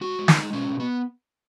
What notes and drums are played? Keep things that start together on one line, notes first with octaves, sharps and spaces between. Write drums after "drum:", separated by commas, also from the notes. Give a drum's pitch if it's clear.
G#3 F#4
G#3
D#4, drum: snare
G#3
B2 C#4
B2
B3